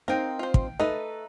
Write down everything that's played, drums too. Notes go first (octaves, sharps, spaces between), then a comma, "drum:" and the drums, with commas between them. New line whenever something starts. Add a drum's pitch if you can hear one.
C4 D#4 A#4 C5 F5 G5
F4 C5
drum: kick
A3 D#4 A4 B4